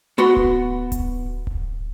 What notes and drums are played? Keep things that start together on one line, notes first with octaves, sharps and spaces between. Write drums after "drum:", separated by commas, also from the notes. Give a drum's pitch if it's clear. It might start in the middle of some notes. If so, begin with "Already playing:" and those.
B3 F#4 B4 F#5 C6
drum: kick D1
drum: kick D1, hi-hat
drum: kick D1